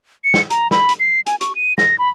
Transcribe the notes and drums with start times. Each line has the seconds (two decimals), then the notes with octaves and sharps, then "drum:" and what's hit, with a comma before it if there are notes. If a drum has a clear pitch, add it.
0.24 C#7
0.34 drum: snare
0.50 A#5, drum: hi-hat
0.71 B5, drum: snare
0.89 drum: hi-hat
1.00 C7
1.26 G#5, drum: hi-hat
1.41 C#6, drum: hi-hat
1.55 D#7
1.78 A#6, drum: snare
1.99 B5